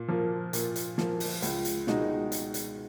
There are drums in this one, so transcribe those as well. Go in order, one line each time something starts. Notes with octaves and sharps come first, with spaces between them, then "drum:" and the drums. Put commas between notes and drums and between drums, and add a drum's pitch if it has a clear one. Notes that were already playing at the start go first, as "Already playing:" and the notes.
Already playing: A#2
F3 A#3
A#2, drum: hi-hat
drum: hi-hat
F3 A#3, drum: snare
drum: open hi-hat
C#2, drum: hi-hat
drum: hi-hat
B2 G#3 D#4 F#4, drum: snare
drum: hi-hat
drum: hi-hat